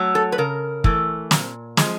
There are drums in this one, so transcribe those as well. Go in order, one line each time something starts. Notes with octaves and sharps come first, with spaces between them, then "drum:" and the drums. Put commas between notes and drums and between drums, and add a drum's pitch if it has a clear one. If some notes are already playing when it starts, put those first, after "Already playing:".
Already playing: F#3 A3
A4
B4
C#3 A#4
E3 A3, drum: kick
A#2, drum: snare
F3 G#3, drum: snare